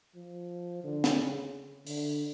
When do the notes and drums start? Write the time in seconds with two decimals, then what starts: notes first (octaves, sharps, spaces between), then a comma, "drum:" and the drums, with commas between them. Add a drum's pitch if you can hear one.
0.15 F3
0.83 D3
1.04 drum: snare
1.17 C#3
1.87 D3, drum: open hi-hat